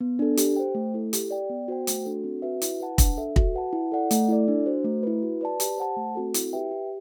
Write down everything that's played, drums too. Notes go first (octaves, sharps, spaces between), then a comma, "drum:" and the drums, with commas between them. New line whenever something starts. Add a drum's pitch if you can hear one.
B3
D4 A4
G4, drum: hi-hat
C5 G5
A3
E4 A4
G4, drum: hi-hat
D5 G5
B3
F#4 C5 G5
A3, drum: hi-hat
D4 F#4 A4
C4
F#4 B4 E5
E4, drum: hi-hat
B4 F#5 A5
D4, drum: kick, hi-hat
A4 E5
F#4, drum: kick
B4 F#5 A5
E4
A4 D5 F#5
A3, drum: hi-hat
E4 A4 D5
D4
F#4 C5
A3
E4 B4
F#4
B4 D5 A5
G4, drum: hi-hat
C5 F#5 A5
A3
C4 F#4 A4
E4, drum: hi-hat
G4 B4 E5 G5
G4